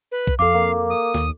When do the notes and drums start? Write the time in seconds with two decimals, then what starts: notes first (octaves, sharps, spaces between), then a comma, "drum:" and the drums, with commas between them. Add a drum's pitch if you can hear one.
0.12 B4
0.27 drum: kick A#1
0.39 F2 A4 F5 D6
0.54 A#3
0.90 D#6
1.14 D#2, drum: snare